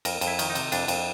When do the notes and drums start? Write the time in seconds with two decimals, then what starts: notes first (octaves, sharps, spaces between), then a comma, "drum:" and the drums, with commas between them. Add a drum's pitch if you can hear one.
0.05 F2 A#4, drum: cymbal
0.21 F2, drum: cymbal
0.27 E4
0.39 D#3, drum: cymbal
0.50 D#4
0.55 C3, drum: cymbal
0.72 F2 D4, drum: cymbal
0.88 F2, drum: cymbal